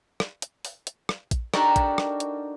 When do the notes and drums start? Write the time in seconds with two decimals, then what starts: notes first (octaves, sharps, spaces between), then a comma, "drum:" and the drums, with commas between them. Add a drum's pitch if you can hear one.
0.20 drum: rim click
0.42 drum: hi-hat
0.65 drum: open hi-hat
0.87 drum: hi-hat
1.09 drum: rim click
1.31 drum: kick A#1, hi-hat
1.54 D4 D#4 F#4 G4 A4 A#4, drum: rim click
1.76 drum: kick A#1, hi-hat
1.98 drum: rim click
2.20 drum: hi-hat